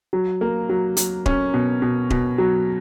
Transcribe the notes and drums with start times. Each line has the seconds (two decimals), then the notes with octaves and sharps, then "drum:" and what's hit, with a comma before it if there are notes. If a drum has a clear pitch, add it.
0.13 F#3
0.41 A#3
0.69 F#3
0.97 F#3, drum: hi-hat
1.26 C#4, drum: kick D#1
1.54 B2
1.82 B2
2.10 B2, drum: kick D#1
2.38 F#3